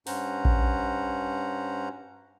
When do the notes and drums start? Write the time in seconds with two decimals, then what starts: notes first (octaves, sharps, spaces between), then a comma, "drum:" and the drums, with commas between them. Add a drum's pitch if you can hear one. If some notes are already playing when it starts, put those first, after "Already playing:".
0.07 G2 C#4 C5 F#5 A#5, drum: open hi-hat
0.45 drum: kick A#1